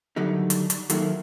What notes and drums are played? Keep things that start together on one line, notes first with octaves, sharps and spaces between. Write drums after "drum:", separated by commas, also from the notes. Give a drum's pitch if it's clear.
D3 D#3 F#3 G3 A3 D#4
drum: hi-hat
drum: hi-hat
D#3 F3 F#3 A3 A#3 E4, drum: hi-hat